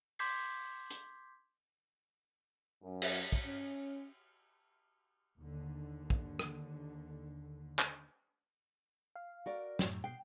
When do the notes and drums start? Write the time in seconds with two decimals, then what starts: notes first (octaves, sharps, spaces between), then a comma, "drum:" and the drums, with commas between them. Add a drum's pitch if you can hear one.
0.19 C6 D6 G6 G#6 B6 C7, drum: open hi-hat
0.90 drum: hi-hat
2.82 F#2
3.02 drum: cymbal
3.32 drum: kick
3.45 C#4
5.40 D#2 D3
6.10 drum: kick
6.39 drum: rim click
7.79 drum: clap
9.16 F5
9.46 F#4 A#4 D5
9.79 F#2 A2, drum: snare
10.04 B2 G5 C7